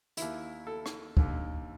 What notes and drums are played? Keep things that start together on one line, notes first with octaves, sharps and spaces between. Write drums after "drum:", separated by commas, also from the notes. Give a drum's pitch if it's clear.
D#2 D#3 E4, drum: hi-hat
A4
drum: rim click
D#2 D3, drum: kick